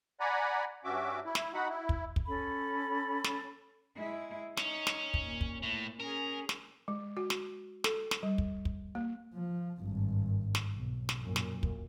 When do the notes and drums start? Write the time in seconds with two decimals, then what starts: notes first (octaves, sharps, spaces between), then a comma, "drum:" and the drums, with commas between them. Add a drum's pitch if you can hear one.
0.20 D5 F#5 G#5 A#5 B5
0.84 G2 C#4 F#4 E5 D6
1.25 E4
1.35 drum: snare
1.54 D#4 F#4 F#5 B5
1.69 E4
1.89 drum: kick
2.16 drum: kick
2.27 C#4 A4 B5
3.24 drum: snare
3.97 G#3 E4
4.57 C#4 D#4, drum: snare
4.87 drum: snare
5.14 drum: kick
5.24 A#2
5.41 drum: kick
5.63 A2
6.00 C#4 G#4 A#4
6.49 drum: snare
6.88 G#3
7.17 F#4
7.30 drum: snare
7.84 A4, drum: snare
8.11 drum: snare
8.23 G3
8.38 drum: kick
8.65 drum: kick
8.95 A#3
9.34 F3
9.81 G#1 G2
10.55 drum: snare
10.75 B1
11.09 drum: snare
11.21 F#2 A#2
11.36 drum: snare
11.63 drum: kick